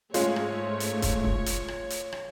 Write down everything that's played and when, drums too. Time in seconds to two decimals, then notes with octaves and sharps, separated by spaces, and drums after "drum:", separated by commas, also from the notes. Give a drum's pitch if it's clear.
0.14 G#2 G#3 A3 C#4 F4 G#4 C#5, drum: hi-hat
0.36 drum: rim click
0.80 drum: hi-hat
1.02 drum: kick, hi-hat
1.24 drum: kick
1.46 drum: hi-hat
1.68 drum: rim click
1.90 drum: hi-hat
2.12 drum: rim click